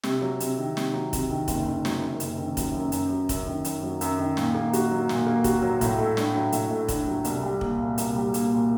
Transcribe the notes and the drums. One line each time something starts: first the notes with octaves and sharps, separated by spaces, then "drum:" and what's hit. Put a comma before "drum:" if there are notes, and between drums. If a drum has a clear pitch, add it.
C3, drum: snare
F#3
C3, drum: hi-hat
D#3
C3, drum: snare
F#3
C3, drum: kick F1, hi-hat
D#3
F#1, drum: kick F1, hi-hat
D#3
F#3, drum: snare
F#2
F#1, drum: hi-hat
D#3
F#3, drum: kick F1, hi-hat
F#2
F#2, drum: hi-hat
F#3
F#2, drum: kick F1, hi-hat
D#3
F#2, drum: hi-hat
F#3
F#2, drum: hi-hat
D#3
A#2, drum: snare
A#3
F#4, drum: hi-hat
F#3
A#2, drum: snare
A#3
F#4, drum: kick F1, hi-hat
F#3
A2, drum: kick F1, hi-hat
A3
D4, drum: snare
F#3
A2, drum: hi-hat
A3
D4, drum: kick F1, hi-hat
F#3
C2, drum: hi-hat
G3
A#3, drum: kick F1
A#2
C2, drum: hi-hat
G3
A#3, drum: hi-hat
A#2